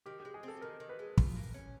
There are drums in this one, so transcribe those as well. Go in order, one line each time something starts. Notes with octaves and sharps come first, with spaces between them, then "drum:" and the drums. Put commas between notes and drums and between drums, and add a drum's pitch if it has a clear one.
D#3 G4
G4
G#3
G#4
C4 A4
D#3 A#4
D#3
B4
G#3
F4, drum: kick
A#3
C#4